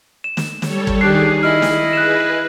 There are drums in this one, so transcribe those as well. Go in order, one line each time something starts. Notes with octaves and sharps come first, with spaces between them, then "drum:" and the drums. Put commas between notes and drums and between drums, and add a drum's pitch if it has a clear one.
E7
drum: snare
G3 A4 C#5, drum: snare
drum: kick
D#3 D4 G4 G#4 F#6 C7
E4 D#5 F6
drum: snare
G#4 B4 F#6 E7